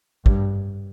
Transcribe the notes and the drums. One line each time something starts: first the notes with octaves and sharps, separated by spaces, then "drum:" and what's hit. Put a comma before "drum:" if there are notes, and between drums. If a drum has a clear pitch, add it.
G2, drum: kick